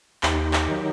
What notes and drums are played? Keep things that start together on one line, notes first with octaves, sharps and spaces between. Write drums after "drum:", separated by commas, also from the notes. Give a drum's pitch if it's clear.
D#2 D#4 G4, drum: clap
drum: clap
D#3 F#3